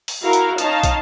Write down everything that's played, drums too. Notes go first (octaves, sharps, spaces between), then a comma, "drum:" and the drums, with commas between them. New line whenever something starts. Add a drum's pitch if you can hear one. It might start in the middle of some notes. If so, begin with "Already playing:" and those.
drum: open hi-hat
E4 F#4 A#4 F5
drum: hi-hat
C#4 D#4 D#5 F5 A5, drum: hi-hat
drum: kick, hi-hat